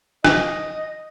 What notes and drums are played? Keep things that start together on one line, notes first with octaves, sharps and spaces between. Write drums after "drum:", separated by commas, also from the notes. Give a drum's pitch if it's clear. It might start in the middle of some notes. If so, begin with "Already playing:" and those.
D#5, drum: rim click